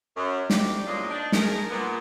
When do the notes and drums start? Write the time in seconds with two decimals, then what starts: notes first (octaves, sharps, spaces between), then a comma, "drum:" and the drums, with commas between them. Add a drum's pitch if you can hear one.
0.16 F#2
0.50 D2 C3 G3 G4 D5, drum: snare
0.87 E2 A#2 C#4 D4 F4 D#5
1.09 D4 D#4
1.32 A3 G#4 A#4, drum: snare
1.70 A#2 B3